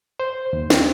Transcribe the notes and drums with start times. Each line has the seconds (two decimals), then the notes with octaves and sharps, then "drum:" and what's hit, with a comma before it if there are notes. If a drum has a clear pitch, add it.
0.20 C5
0.53 D#2
0.70 C4, drum: snare